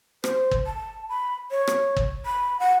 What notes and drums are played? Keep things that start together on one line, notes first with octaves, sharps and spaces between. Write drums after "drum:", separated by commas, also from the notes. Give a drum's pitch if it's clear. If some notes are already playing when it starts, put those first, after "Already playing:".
C5, drum: rim click
drum: kick G1
A5
B5
C#5
drum: rim click
drum: kick G1
B5
F#5